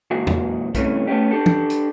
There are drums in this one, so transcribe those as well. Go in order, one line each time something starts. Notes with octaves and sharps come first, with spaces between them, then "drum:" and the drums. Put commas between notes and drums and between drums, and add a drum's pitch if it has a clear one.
A#2 E3 F#3 G#3 F#4 G#4
drum: tom E2
G2 C3 E3 A3 C#4, drum: kick, hi-hat
A3 B3 C#4 D#4 G4
D4 G4 A4
drum: tom E3
drum: hi-hat